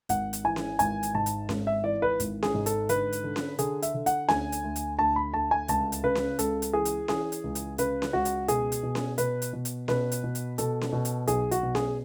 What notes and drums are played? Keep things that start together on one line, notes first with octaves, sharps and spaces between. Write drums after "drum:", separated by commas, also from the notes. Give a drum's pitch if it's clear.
G#1 F#5, drum: hi-hat
drum: hi-hat
E3 G#5
drum: snare C#4
G#1 G#5, drum: hi-hat
drum: hi-hat
G#2 A5
drum: hi-hat
G#1, drum: snare C#4
E5
E3 D5
B4
G#1, drum: hi-hat
G#4, drum: snare C#4
G#2
A4, drum: hi-hat
D3 B4, drum: hi-hat
drum: hi-hat
D3
drum: snare C#4
D3 G#4, drum: hi-hat
E5, drum: hi-hat
D3
F#5, drum: hi-hat
D2 G#5, drum: snare C#4
drum: hi-hat
D2
drum: hi-hat
D2 A5
B5
D2 A5
G#5
C#2 A5, drum: hi-hat
drum: hi-hat
C#3 B4
drum: snare C#4
C#2 A4, drum: hi-hat
drum: hi-hat
E3 G#4
drum: hi-hat
E3 G#4, drum: snare C#4
drum: hi-hat
C#2
drum: hi-hat
C#3 B4, drum: hi-hat
drum: snare C#4
C#2 F#4
drum: hi-hat
B2 G#4, drum: hi-hat
drum: hi-hat
B2
drum: snare C#4
B2 B4, drum: hi-hat
drum: hi-hat
B2
drum: hi-hat
B2 B4, drum: snare C#4
drum: hi-hat
B2
drum: hi-hat
B2 A4, drum: hi-hat
drum: snare C#4
B2
drum: hi-hat
B1 G#4, drum: hi-hat
F#4, drum: hi-hat
B2
G#4, drum: snare C#4